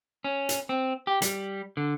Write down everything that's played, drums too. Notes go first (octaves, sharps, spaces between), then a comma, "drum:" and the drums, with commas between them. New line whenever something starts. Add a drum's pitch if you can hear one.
C#4
drum: hi-hat
C4
G4
G3, drum: hi-hat
D3